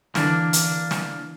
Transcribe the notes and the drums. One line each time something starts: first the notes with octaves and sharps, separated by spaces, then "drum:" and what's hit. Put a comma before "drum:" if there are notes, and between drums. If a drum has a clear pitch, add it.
D3 E3 A#3 D4, drum: snare
drum: hi-hat
drum: snare